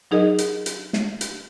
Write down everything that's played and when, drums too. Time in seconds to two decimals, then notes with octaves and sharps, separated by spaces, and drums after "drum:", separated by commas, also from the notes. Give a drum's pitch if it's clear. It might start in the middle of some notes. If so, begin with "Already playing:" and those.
0.11 F#3 D#4 G#4 A#4 D#5
0.38 drum: hi-hat
0.66 drum: hi-hat
0.93 drum: snare
1.21 drum: hi-hat